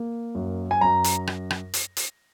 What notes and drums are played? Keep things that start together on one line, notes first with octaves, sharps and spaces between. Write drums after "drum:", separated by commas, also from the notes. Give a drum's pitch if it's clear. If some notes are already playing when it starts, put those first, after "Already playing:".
Already playing: A#3
F#2
G#5
F#2 A#5
drum: hi-hat
drum: rim click
drum: rim click
drum: hi-hat
drum: hi-hat